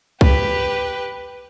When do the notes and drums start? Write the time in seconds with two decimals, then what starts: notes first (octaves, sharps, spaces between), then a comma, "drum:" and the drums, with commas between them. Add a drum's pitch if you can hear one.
0.21 G4 B4, drum: kick C2